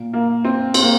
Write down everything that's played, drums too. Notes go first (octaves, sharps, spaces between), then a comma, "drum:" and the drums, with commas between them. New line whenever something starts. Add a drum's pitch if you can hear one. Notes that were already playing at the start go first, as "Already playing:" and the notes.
Already playing: A#2
A#3
C4
C4, drum: cymbal
A#3